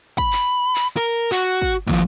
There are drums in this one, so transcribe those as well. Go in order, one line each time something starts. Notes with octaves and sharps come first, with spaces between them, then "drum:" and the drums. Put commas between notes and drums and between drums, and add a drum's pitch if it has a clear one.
B5, drum: kick
drum: clap
drum: clap
A#4
F#4, drum: clap
drum: kick
D#2 F3, drum: kick